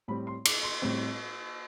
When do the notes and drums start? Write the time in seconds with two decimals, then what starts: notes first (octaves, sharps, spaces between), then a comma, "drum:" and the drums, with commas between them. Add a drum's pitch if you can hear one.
0.08 A2 G3 C4 B5
0.27 C6
0.45 D6, drum: cymbal
0.63 C6
0.82 A2 G3 C4